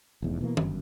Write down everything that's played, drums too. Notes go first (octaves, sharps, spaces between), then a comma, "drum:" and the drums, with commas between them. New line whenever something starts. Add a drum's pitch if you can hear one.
F1 E2 G#2
B2 E3 A3 A#3
G1 F#2, drum: tom D#3